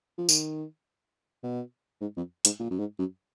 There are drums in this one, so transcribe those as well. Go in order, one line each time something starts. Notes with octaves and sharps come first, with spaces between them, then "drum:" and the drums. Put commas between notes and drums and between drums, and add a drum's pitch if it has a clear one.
F3
D#3, drum: tambourine
B2
G#2
F2
G#2, drum: hi-hat
A#2
F#2
G#2
F#2